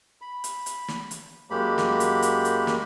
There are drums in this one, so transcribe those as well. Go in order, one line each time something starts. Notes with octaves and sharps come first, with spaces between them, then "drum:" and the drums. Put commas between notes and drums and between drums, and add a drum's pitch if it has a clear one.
B5
drum: hi-hat
drum: hi-hat
drum: snare
drum: hi-hat
F#2 F#3 G#3 A#3 G4 B5
drum: snare
drum: hi-hat
drum: hi-hat
drum: hi-hat
drum: snare